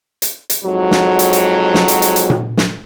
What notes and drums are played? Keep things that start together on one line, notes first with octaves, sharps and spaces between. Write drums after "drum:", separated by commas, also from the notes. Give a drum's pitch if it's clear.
drum: hi-hat
drum: hi-hat
F2 G#2 F#3
drum: snare
drum: hi-hat
drum: hi-hat
drum: snare
drum: hi-hat
drum: hi-hat
drum: hi-hat
drum: tom A#2
drum: snare